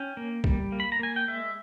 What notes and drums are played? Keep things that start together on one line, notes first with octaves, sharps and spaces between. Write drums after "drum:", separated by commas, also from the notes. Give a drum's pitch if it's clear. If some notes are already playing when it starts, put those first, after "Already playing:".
Already playing: C#4 G5
A#3
G3, drum: kick
A#3
B5
A#5
A#3 G#5
G5
G#3 E5